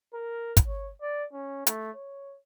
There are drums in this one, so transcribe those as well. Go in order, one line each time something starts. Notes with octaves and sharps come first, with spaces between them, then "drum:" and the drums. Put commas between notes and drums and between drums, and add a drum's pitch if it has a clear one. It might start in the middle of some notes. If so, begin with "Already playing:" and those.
A#4
drum: kick, hi-hat
C#5
D5
C#4
A3, drum: hi-hat
C#5